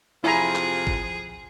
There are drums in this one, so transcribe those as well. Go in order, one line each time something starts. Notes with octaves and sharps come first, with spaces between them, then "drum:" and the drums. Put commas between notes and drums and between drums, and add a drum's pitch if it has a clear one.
F2 C3 F3 E4 G#4 G#5 A#5
drum: clap
drum: kick